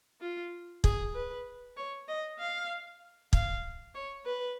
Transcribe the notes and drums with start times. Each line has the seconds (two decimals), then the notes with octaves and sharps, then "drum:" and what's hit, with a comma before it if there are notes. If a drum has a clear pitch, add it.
0.21 F4
0.84 G#4, drum: kick
1.15 B4
1.77 C#5
2.08 D#5
2.39 F5
3.33 F5, drum: kick
3.94 C#5
4.26 B4